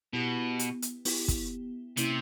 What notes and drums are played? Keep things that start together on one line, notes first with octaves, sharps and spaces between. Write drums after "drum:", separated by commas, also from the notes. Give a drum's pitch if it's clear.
B2 B3 E4 G4
drum: hi-hat
drum: hi-hat
B3 E4 G4, drum: open hi-hat
drum: kick, hi-hat
C3 A#3 C#4 E4, drum: hi-hat